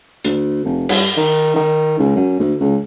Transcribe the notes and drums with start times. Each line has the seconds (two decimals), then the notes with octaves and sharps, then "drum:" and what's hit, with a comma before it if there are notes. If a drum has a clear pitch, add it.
0.24 D2, drum: hi-hat
0.64 F1
0.89 G2, drum: cymbal
1.16 D#3
1.56 D#3
1.99 C#2
2.16 F#2
2.40 D2
2.61 C#2